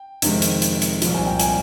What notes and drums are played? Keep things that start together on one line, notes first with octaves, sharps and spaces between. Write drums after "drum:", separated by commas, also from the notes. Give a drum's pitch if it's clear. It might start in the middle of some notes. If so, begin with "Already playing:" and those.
Already playing: G5
F2 C3 D#3 G#3, drum: hi-hat
drum: hi-hat
drum: hi-hat
drum: hi-hat
C2 A#2 F3, drum: hi-hat
G#5
G5
G#5, drum: hi-hat